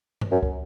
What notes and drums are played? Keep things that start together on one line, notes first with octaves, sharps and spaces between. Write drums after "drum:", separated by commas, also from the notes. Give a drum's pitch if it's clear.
drum: tom G2
F#2
drum: kick